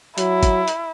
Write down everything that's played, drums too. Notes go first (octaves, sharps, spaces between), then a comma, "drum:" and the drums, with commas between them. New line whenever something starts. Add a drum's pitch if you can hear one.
F#3 E4, drum: hi-hat
drum: kick G1, hi-hat
drum: hi-hat